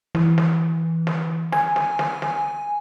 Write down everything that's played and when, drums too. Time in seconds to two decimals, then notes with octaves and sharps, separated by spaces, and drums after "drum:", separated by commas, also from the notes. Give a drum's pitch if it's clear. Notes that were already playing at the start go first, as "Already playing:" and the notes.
0.15 E3, drum: snare
0.38 drum: snare
1.07 drum: snare
1.52 G#5, drum: snare
1.76 drum: snare
1.99 drum: snare
2.22 drum: snare